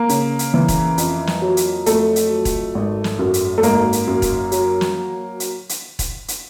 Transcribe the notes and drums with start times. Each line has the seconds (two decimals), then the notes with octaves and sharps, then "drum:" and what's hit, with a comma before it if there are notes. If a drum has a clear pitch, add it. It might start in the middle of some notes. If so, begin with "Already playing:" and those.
Already playing: A#3
0.09 C#3, drum: hi-hat
0.39 drum: hi-hat
0.54 E3
0.68 drum: kick E1, hi-hat
0.98 F2, drum: hi-hat
1.27 drum: snare
1.42 F#3
1.57 drum: hi-hat
1.86 F2 A3, drum: hi-hat
2.16 drum: hi-hat
2.31 F#3
2.45 drum: kick E1, hi-hat
2.75 G#1
3.04 drum: snare
3.19 F#2
3.34 drum: hi-hat
3.58 A3
3.63 G#1 A#3, drum: hi-hat
3.93 drum: hi-hat
4.07 F#2
4.22 drum: kick E1, hi-hat
4.52 F#3, drum: hi-hat
4.81 drum: snare
5.40 drum: hi-hat
5.69 drum: hi-hat
5.99 drum: kick E1, hi-hat
6.28 drum: hi-hat